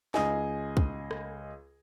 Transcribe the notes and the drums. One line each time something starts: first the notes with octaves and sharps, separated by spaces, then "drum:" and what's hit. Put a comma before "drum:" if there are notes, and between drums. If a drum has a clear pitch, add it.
C#2 G#4 D#5 G#5, drum: snare
drum: kick
drum: rim click